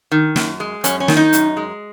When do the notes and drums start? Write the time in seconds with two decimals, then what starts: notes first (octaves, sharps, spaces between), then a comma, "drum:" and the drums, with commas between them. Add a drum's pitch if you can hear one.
0.12 D#3
0.36 F#2, drum: snare
0.60 G#3
0.84 F#2 C#4, drum: hi-hat
1.00 C#4
1.08 D#3, drum: snare
1.17 D#4
1.33 F#2, drum: hi-hat
1.57 G#3